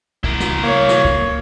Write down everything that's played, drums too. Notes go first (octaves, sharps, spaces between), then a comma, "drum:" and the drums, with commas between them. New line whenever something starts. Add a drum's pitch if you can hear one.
E4 A#4, drum: kick
drum: snare
A#3 C#5
drum: snare
drum: kick